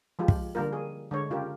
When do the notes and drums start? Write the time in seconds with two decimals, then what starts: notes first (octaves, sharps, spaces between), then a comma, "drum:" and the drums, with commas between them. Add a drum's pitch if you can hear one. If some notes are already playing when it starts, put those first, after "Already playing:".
0.19 F3 G#3 F4 G4
0.28 drum: kick
0.55 D3 G3 A#3 F4 A#4
0.73 G#4
1.11 D3 G#3 C#5
1.30 C#3 F4 G4 A#4